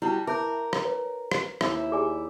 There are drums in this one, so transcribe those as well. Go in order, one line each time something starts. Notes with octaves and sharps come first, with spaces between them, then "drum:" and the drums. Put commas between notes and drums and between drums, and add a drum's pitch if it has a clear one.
G3 E4 F#4 A5
A#4 E5 A5 D6 G6
drum: rim click
B4 C#5
drum: rim click
D#2 E4, drum: rim click
G4 G#4 D5 G#5 D6